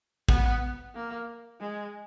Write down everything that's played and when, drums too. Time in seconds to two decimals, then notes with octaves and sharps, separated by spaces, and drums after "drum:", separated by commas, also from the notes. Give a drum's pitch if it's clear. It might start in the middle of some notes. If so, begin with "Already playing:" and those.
0.29 B3, drum: kick A1
0.94 A#3
1.60 G#3